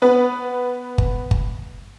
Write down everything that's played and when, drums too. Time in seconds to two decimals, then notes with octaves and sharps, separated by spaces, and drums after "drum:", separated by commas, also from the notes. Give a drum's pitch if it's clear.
0.02 B3 B4
0.98 drum: kick G1
1.31 drum: kick G1